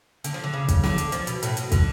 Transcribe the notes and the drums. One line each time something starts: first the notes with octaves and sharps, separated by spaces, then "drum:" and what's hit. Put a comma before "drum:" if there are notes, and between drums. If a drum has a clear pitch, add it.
D3, drum: hi-hat
F3
D3
C#3
drum: kick, hi-hat
D3, drum: snare
drum: hi-hat
F3, drum: hi-hat
B2, drum: hi-hat
A2, drum: hi-hat
B2, drum: hi-hat
D3, drum: kick, hi-hat